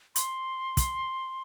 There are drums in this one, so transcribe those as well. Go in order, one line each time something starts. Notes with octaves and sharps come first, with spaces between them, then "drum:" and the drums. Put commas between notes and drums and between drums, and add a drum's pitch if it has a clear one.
C6, drum: hi-hat
drum: kick, hi-hat